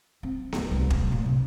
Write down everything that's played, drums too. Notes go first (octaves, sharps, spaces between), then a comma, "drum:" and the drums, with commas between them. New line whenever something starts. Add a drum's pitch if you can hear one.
C4
D1, drum: snare B3
C2
D1 B2, drum: kick
A#2
C3